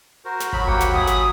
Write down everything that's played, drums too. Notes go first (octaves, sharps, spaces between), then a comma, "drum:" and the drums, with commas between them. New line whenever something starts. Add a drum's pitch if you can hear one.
F#4 A#4 C5
drum: snare
F#3 B5, drum: kick G#1
D#2 A#3 F#5 G5
drum: snare
E5 G#5 D#6, drum: kick G#1
drum: snare